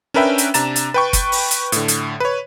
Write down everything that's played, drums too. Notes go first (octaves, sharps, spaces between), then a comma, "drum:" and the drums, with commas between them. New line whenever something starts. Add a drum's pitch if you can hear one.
C#4 D4 A#4 B4 E5 G5
drum: hi-hat
C3 D4 A#5 A6 E7, drum: hi-hat
drum: hi-hat
B4 G5 C#6
drum: kick G1, hi-hat
drum: open hi-hat
drum: hi-hat
A2 D3, drum: hi-hat
drum: hi-hat
B4 C#5